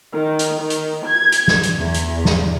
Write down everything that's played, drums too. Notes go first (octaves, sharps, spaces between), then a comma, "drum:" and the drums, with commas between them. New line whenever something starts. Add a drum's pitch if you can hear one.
D#3
drum: hi-hat
D#3
drum: hi-hat
G#6
drum: hi-hat
drum: snare
drum: hi-hat
E2
drum: hi-hat
drum: snare